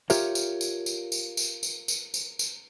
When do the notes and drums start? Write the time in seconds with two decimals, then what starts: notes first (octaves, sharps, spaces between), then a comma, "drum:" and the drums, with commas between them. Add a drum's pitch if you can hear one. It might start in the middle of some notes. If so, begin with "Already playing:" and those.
0.10 F4 G4 A#4 C#5 E5, drum: tambourine
0.35 drum: tambourine
0.61 drum: tambourine
0.86 drum: tambourine
1.12 drum: tambourine
1.37 drum: tambourine
1.63 drum: tambourine
1.88 drum: tambourine
2.14 drum: tambourine
2.39 drum: tambourine